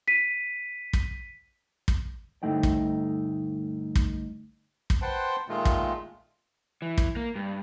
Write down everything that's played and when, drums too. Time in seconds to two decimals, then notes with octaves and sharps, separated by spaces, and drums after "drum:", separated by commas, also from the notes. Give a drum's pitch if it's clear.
0.08 B6 D#7
0.93 drum: kick
1.88 drum: kick
2.43 D2 G2 A3 D#4 G5
2.63 drum: kick
3.95 drum: kick
4.90 drum: kick
5.02 B4 C5 F#5 G5 A5 C6
5.49 A#2 D#3 G#3 A3 F4
5.65 drum: kick
6.82 E3
6.98 drum: kick
7.16 A#3
7.36 G2